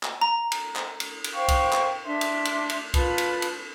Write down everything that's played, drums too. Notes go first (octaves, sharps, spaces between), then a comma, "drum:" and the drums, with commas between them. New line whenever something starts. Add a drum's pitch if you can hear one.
drum: clap
A#5
drum: cymbal
drum: clap
drum: cymbal
drum: cymbal
C5 F5 G5 C#6
drum: kick, cymbal
drum: clap
D4 E5 C6
drum: cymbal
drum: cymbal
drum: cymbal
F4 B4 A5 B5, drum: kick, cymbal
drum: cymbal
drum: cymbal